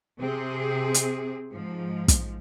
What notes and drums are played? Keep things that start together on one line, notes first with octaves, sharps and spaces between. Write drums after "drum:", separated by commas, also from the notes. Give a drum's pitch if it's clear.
C3 C4 G#4
drum: hi-hat
G#2 F3
drum: kick, hi-hat